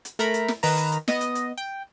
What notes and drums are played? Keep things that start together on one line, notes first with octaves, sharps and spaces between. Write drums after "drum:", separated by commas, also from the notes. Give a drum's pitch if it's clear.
drum: hi-hat
A3 A#4 A#5 B5, drum: hi-hat
drum: hi-hat
drum: snare
D#3 B4 A#5, drum: open hi-hat
drum: hi-hat
drum: hi-hat
B3 D#5, drum: snare
drum: hi-hat
drum: hi-hat
G5